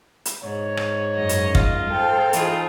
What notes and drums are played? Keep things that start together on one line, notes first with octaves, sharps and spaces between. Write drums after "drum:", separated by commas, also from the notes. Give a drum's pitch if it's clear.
drum: hi-hat
G#2 C#5
drum: rim click
F#2 D#5
drum: hi-hat
F4, drum: kick
A4 C5 F5 G5
E3 D#4 F4 G#4, drum: hi-hat